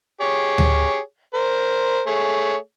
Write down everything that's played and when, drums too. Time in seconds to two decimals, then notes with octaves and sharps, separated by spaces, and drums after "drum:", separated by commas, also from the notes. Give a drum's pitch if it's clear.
0.21 G4 G#4 C#5
0.58 drum: tom D2
1.34 A#4 C5
2.07 A3 G#4 C#5